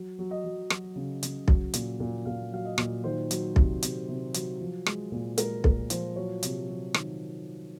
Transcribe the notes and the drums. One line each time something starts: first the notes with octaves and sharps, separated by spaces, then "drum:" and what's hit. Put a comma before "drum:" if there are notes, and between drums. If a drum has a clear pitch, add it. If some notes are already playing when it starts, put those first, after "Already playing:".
Already playing: F#3
F#3
D#5
F#3
F#3, drum: rim click
C#3
C#3, drum: hi-hat
F#3, drum: kick B1
A#2, drum: hi-hat
A#2
A#2 F5
F#3 F5
D#5
A#2, drum: rim click
D#3 C5
F#3, drum: hi-hat
C3, drum: kick B1
C3, drum: hi-hat
C3
F#3, drum: hi-hat
F3
G#3, drum: rim click
A#2
G#3 A#4, drum: hi-hat
A#2 A#4, drum: kick B1
F3 C5, drum: hi-hat
F#3 C#5
C3, drum: hi-hat
F#3
D#3, drum: rim click